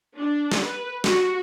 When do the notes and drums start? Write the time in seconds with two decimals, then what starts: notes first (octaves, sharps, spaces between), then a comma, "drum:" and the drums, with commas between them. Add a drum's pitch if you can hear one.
0.16 D4
0.52 drum: snare
0.63 B4
1.04 F#4, drum: snare